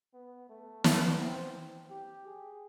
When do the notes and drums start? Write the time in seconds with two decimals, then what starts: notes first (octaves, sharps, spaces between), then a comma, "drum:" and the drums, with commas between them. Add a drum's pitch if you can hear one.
0.14 B3
0.49 A3
0.84 B3, drum: snare
1.20 C4
1.90 G4
2.26 G#4